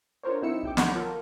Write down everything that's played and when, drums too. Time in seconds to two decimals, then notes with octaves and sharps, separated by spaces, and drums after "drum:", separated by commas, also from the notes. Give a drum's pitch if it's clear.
0.23 D4 F4 A4 A#4 C5 C#5
0.41 F#3 C4 D#4 E4 E6 C#7
0.63 A#1 G5 D6
0.77 C#5 F#5 A#5 B5 D6 G6, drum: snare
0.95 F4 A4 A#4